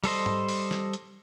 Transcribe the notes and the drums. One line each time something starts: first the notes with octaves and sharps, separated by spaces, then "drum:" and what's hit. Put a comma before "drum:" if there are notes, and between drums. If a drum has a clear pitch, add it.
G3 A4 C5 D#5, drum: open hi-hat
drum: tom G#2
drum: open hi-hat
drum: snare
drum: hi-hat